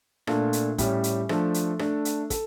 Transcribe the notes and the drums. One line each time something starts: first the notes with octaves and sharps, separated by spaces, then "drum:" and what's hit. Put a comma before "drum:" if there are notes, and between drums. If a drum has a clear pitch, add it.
A#2 A3 D4 F4, drum: rim click
drum: hi-hat
A2 G3 C#4 G4, drum: kick, hi-hat
drum: hi-hat
F3 A3 D4 A4, drum: rim click
drum: hi-hat
A3 D4 A4, drum: rim click
drum: hi-hat
A4, drum: kick, hi-hat